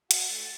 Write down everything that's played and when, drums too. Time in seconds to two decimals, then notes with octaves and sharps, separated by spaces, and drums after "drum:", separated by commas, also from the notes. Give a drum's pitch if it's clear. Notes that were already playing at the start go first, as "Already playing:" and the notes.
0.11 F#4, drum: hi-hat
0.29 A3